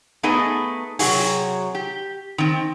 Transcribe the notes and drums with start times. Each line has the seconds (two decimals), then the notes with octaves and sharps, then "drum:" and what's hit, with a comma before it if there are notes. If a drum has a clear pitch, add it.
0.23 A3 B3 D#4 G#4 B4 D#5
0.99 C3 F#3 F#4 G#4, drum: open hi-hat
1.75 G4
2.38 D#3 C4